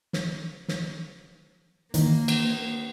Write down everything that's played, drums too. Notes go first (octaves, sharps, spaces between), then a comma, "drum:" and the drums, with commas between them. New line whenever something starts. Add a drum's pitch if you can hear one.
drum: snare
drum: snare
D#3 E3 A#3, drum: hi-hat
drum: cymbal